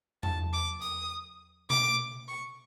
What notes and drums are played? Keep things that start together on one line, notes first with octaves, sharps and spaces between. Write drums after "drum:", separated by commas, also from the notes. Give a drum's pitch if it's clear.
A5, drum: tom E2
D6
D#6, drum: hi-hat
D6, drum: tom B2
C#6